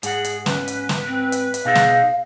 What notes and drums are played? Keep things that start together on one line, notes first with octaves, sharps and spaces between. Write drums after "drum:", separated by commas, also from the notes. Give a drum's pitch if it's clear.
G#2 G#4 F#5, drum: hi-hat
drum: hi-hat
C#4 B4, drum: snare
drum: hi-hat
drum: snare
C4
drum: hi-hat
drum: hi-hat
B2 D#4 G#4 E5 F5
drum: snare